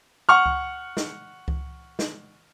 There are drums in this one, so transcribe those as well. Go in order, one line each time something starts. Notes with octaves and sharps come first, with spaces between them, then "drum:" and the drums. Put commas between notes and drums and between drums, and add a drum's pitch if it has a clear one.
F#5 C#6 F6
drum: kick C#2
drum: snare
drum: kick C#2
drum: snare